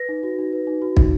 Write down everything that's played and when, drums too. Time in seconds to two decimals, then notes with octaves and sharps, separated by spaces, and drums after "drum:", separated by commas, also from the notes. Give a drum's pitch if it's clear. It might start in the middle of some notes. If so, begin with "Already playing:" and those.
Already playing: B4 A#6
0.09 D#4
0.23 F#4
0.39 D#4
0.53 B4
0.67 D#4
0.82 F#4
0.97 D#4, drum: kick